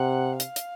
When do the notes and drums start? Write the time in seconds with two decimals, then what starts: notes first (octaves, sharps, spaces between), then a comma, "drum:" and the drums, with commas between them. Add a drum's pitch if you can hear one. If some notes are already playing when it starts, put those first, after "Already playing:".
Already playing: C3 F#5
0.40 F5, drum: hi-hat
0.56 drum: hi-hat